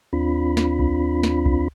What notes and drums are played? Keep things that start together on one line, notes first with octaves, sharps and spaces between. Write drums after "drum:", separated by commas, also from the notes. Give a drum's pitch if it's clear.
D#2 C4 D4 F4 B5
drum: snare
drum: kick C2
drum: snare
drum: kick C2